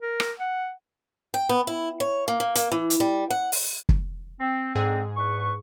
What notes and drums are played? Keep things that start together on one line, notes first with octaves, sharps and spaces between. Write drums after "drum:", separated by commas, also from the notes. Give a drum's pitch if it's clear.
A#4
drum: rim click
F#5
G5
B3
E4
C#5
A#3
A#3
A#3, drum: hi-hat
E3
drum: hi-hat
G3
F#5
drum: open hi-hat
drum: kick
C4
G#2 D3 G#3 C4 G#4
E2 B4 C#6